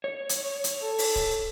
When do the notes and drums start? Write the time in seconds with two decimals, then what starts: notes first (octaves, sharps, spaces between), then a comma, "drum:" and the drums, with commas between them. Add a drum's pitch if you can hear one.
0.04 C#5
0.29 drum: hi-hat
0.64 drum: hi-hat
0.81 A4
0.98 drum: open hi-hat
1.16 drum: kick